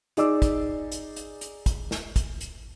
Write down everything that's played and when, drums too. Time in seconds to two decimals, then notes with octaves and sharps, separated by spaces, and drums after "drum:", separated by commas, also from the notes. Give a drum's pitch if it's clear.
0.17 D#4 G#4 D5 D6 E6, drum: hi-hat
0.42 drum: kick, hi-hat
0.92 drum: hi-hat
1.16 drum: hi-hat
1.41 drum: hi-hat
1.66 drum: kick, hi-hat
1.91 drum: snare
2.16 drum: kick, hi-hat
2.41 drum: hi-hat